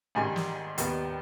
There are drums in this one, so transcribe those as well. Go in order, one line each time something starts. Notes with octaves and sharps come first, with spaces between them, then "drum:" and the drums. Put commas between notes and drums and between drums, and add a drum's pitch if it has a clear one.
G#1 G#2 D#3 G3 G#5
drum: snare
D#2 D#3 G3 B3, drum: hi-hat